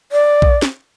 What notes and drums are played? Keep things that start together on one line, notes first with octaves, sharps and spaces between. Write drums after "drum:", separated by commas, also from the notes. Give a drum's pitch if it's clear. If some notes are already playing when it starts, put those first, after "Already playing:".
D5
drum: kick A#1
drum: snare